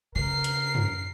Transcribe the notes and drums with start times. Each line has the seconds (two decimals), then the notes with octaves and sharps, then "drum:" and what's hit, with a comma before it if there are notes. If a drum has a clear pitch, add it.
0.15 C#3 A#4 C7
0.44 drum: hi-hat
0.75 drum: tom F#2